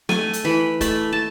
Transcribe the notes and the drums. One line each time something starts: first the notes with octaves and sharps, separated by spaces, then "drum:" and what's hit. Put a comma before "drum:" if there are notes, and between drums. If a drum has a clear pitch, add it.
A3 G#5, drum: snare
drum: hi-hat
E3 B5
A3 B5, drum: kick, hi-hat
A5